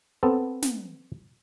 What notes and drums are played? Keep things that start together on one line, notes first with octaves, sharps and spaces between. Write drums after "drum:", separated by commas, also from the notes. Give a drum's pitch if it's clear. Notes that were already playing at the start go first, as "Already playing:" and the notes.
B3 C4 A4
drum: snare